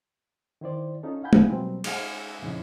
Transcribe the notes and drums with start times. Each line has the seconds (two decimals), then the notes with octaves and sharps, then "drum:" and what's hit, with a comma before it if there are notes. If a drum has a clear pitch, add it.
0.61 D#3 E4 C5 D5
1.03 C#4 D#4 F4 A4
1.24 F5 F#5 G#5 B5 G6
1.33 drum: tom
1.50 B2 F#3 G3 A#3 C4
1.84 G#3 D#4 F5 F#5 G#5, drum: cymbal
2.42 F2 A#2 C#3 C#4 D#4 E4